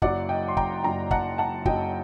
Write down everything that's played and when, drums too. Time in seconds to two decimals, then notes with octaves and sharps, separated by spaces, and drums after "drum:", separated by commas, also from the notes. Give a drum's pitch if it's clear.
0.02 F#1 F#2 F#3 D5 F#5, drum: kick
0.29 D#5 G5
0.48 C6
0.57 G5 A#5, drum: kick
0.84 F#1 F#2 F#3 G5 A#5
1.11 F#5 A5, drum: kick
1.38 F#5 A5
1.65 F#1 F#2 F#3 D#5 G5, drum: kick